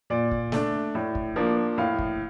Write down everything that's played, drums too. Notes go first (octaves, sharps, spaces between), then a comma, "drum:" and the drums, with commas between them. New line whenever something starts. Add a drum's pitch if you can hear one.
A#2 D5
drum: kick
A3 D4, drum: snare
A2
drum: kick
F3 A#3 D4
A2 F5
drum: kick